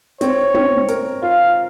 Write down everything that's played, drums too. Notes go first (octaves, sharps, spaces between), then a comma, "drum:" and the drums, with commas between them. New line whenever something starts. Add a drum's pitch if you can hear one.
C4 C#5, drum: hi-hat
C4, drum: tom
A#4, drum: hi-hat
F4 F5